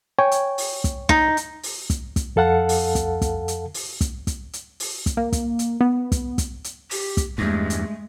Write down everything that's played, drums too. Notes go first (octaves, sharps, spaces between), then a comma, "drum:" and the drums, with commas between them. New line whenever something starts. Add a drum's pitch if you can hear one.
C#5 G5 G#5
drum: hi-hat
drum: open hi-hat
drum: kick, hi-hat
D#4, drum: kick
drum: hi-hat
drum: open hi-hat
drum: kick, hi-hat
drum: kick, hi-hat
F2 A4 F5 F#5 A5
drum: open hi-hat
drum: kick, hi-hat
drum: kick, hi-hat
drum: hi-hat
drum: open hi-hat
drum: kick, hi-hat
drum: kick, hi-hat
drum: hi-hat
drum: open hi-hat
drum: kick, hi-hat
A#3
drum: kick, hi-hat
drum: hi-hat
B3
drum: kick, hi-hat
drum: kick, hi-hat
drum: hi-hat
G4, drum: open hi-hat
drum: kick, hi-hat
E2 G2 G#3 A3
drum: hi-hat